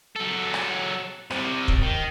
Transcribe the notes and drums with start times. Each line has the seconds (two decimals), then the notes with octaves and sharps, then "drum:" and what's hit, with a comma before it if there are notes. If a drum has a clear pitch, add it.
0.16 F#3 A4
0.54 drum: rim click
1.31 C3 G3, drum: rim click
1.68 drum: kick
1.82 D#3